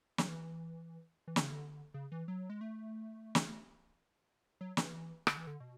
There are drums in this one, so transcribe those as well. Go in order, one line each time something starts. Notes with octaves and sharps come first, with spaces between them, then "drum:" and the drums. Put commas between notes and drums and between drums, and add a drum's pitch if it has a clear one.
F#3, drum: snare
E3
E3
D3, drum: snare
C#3
D3
C#3
E3
F#3
G#3
A3
drum: snare
F#3
E3, drum: snare
D3, drum: rim click
E3
D3
B2